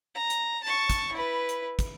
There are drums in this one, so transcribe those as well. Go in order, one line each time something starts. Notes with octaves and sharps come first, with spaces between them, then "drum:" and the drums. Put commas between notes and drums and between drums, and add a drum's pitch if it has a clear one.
A#5
drum: hi-hat
A5 C#6
drum: kick, hi-hat
E4 B4
drum: hi-hat
drum: kick, hi-hat